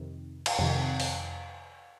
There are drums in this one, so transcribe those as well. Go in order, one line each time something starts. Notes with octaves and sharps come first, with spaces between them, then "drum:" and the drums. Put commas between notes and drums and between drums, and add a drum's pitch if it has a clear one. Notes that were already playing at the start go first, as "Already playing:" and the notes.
Already playing: F2 C3 D#3
drum: cymbal
F2 C3 D#3
drum: open hi-hat